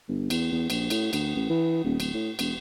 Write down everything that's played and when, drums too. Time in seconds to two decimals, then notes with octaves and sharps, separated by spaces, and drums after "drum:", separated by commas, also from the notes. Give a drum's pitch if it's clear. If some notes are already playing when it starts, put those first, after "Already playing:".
0.08 G1
0.30 E2, drum: cymbal
0.52 E2
0.70 A#1, drum: cymbal
0.90 A2, drum: cymbal
1.13 D2, drum: cymbal
1.35 A1
1.49 E3
1.84 D#1
2.00 D1, drum: cymbal
2.14 A2
2.39 E1, drum: cymbal